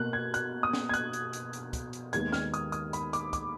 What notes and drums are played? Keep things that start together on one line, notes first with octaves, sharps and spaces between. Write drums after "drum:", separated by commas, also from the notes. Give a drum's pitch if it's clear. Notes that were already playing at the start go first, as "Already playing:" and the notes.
Already playing: B2 A#3 F#6
G#6
F#6, drum: hi-hat
D#6
drum: snare
G#6
F#6, drum: hi-hat
drum: hi-hat
drum: hi-hat
drum: hi-hat
drum: kick, hi-hat
drum: hi-hat
D#2 D#3 G#3 B3 G#6, drum: hi-hat
F6, drum: snare
D#6, drum: hi-hat
D#6, drum: hi-hat
B5, drum: hi-hat
D6, drum: hi-hat
D6, drum: kick, hi-hat